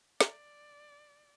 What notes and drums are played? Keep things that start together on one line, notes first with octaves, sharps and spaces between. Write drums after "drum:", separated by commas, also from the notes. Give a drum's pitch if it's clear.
D5, drum: snare